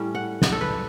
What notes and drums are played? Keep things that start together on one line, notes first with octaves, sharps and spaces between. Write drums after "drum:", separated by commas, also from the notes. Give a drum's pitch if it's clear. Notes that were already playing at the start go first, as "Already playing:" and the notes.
Already playing: A2 G3 C#4
F#5
D5, drum: snare
A4
B4